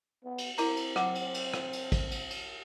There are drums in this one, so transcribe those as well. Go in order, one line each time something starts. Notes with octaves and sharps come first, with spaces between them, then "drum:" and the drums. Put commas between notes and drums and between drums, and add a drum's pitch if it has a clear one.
B3
drum: cymbal
C4 E4 A#4 A#5, drum: cymbal
drum: cymbal
F#3 F#5 D6, drum: rim click
drum: cymbal
drum: cymbal
drum: rim click
drum: cymbal
drum: kick, cymbal
drum: cymbal
drum: cymbal